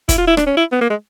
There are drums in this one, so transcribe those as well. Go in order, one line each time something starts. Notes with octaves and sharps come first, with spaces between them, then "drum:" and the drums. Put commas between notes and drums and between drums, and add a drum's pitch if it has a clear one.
E4, drum: kick, hi-hat
F4
E4
D4, drum: rim click
C#4
E4
B3
A#3
G#3